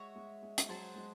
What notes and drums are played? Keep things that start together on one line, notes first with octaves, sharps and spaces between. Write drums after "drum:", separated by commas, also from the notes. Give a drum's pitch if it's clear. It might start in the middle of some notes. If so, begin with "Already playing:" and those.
Already playing: G#3 F#4 C#5 E5
G#3
G#3
drum: hi-hat
F#3 G#4 C5 F#5 A5
G#3